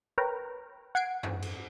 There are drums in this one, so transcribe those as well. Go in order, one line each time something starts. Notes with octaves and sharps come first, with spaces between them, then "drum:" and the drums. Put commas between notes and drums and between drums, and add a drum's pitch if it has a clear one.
A#4 B4 C#5 G5 A#5
F#5 G#6 C7 D7
drum: tom F#2
drum: cymbal